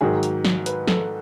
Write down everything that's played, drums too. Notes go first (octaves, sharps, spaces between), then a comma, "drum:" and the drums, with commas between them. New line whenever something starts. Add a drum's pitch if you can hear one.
G#2 D#3 F#3 G#4
drum: hi-hat
drum: snare
B4, drum: hi-hat
A4, drum: snare